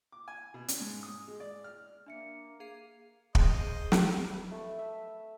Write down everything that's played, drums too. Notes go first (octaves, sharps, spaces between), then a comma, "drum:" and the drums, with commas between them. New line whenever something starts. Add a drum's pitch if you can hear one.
D6
G#5
B2
C#4, drum: hi-hat
G#2
D#6
G#3
D5
F6
A#3 D4 E5 C#7
G#4 F5 C7
G#4 C5 D#5, drum: kick
G#4
drum: snare
B4
A3
E5